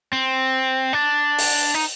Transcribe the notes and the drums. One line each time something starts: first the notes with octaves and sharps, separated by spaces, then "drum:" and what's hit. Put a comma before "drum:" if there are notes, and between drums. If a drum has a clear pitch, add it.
C4
D4
drum: open hi-hat
D#4